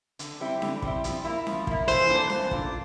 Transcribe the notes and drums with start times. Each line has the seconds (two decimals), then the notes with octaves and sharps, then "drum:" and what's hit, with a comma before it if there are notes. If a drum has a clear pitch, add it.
0.19 D3, drum: hi-hat
0.40 G3 C4 E4
0.62 D3, drum: snare C#4
0.82 G3 C4 E4, drum: kick
1.04 F3, drum: hi-hat
1.25 A#3 E4
1.47 F3, drum: snare C#4
1.67 A#3 E4, drum: kick
1.88 E3 C5, drum: hi-hat
2.09 A#3 D4 F4 A4
2.30 E3, drum: snare C#4
2.51 A#3 D4 F4 A4, drum: kick